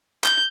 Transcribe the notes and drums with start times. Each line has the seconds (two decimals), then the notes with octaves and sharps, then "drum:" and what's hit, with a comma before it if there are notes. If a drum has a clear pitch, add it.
0.24 G6, drum: clap